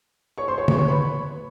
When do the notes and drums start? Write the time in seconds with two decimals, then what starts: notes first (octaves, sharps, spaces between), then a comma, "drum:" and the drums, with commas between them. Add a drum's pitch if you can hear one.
0.38 C#5 C#6
0.48 C5 C6
0.58 C#5 C#6
0.68 C#5 C#6, drum: tom
0.78 C#5 C#6
0.88 B4 B5